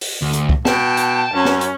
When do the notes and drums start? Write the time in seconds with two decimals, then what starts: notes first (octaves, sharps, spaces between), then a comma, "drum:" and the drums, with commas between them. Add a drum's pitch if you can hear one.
0.01 drum: open hi-hat
0.22 D2
0.33 drum: hi-hat
0.49 drum: kick
0.65 B2 G5 A5, drum: snare
0.97 drum: hi-hat
1.34 F#2 C#4
1.45 drum: snare
1.61 drum: hi-hat